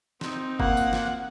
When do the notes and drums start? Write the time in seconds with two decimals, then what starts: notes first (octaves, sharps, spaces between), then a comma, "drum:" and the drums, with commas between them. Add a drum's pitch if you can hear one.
0.21 C4 D#4, drum: snare
0.60 A#3 F#5, drum: kick F#1
0.77 drum: tambourine
0.93 drum: snare